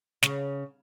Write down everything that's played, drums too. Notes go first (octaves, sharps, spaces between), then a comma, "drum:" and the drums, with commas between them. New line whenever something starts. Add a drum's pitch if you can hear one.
C#3, drum: snare